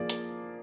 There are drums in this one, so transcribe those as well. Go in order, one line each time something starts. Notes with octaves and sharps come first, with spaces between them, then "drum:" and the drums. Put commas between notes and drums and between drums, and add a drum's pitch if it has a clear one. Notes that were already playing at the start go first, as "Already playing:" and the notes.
Already playing: F3 A#3 F4 G#4 D5
drum: hi-hat